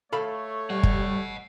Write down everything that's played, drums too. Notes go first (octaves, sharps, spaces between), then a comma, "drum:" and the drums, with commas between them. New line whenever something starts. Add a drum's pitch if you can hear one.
A3 A4 C#5 F5 B5
G3 D#5 F#5
drum: kick